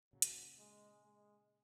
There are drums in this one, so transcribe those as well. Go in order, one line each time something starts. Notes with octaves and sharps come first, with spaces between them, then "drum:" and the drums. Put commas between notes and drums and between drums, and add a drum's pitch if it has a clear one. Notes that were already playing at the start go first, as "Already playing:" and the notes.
A#2 C#3 F#3
drum: hi-hat
G#3
G#3